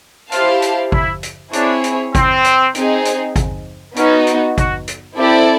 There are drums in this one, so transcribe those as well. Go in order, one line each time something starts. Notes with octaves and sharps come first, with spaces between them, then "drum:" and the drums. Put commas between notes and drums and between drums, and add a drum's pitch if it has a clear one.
E4 F4 G4 C5 F5 A5, drum: hi-hat
drum: hi-hat
E4, drum: kick G#1
drum: hi-hat
C4 D4 E4 G#4 C#5, drum: hi-hat
drum: hi-hat
C4, drum: kick G#1, hi-hat
drum: hi-hat
C4 D#4 G#4, drum: hi-hat
drum: hi-hat
drum: kick G#1, hi-hat
B3 C#4 D#4 F#4, drum: hi-hat
drum: hi-hat
F#4, drum: kick G#1, hi-hat
drum: hi-hat
C4 E4 G4 A4 D5